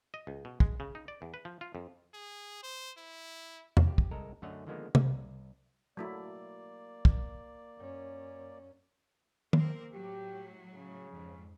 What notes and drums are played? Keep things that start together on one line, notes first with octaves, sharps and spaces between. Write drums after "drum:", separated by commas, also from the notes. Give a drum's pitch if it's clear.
D#5
C#2
B2
G#3, drum: kick
C#3
D#4
D5
E2
B4
F3
F4
F2
G#4
C5
E4
drum: tom E2
G4
drum: kick
C2 G#3 A4 A#4 D#5 A#5
F#2 D3 A3 C#5 D#5 F#5
D3 D#3 F3 G#3 A#3 B3
C2, drum: tom C3
F#3 A3 A#3 E4 D5
drum: kick
F#2 C#4
A#3 C4 A#4, drum: tom
A2 F#3 G4
C#3
F2 G#2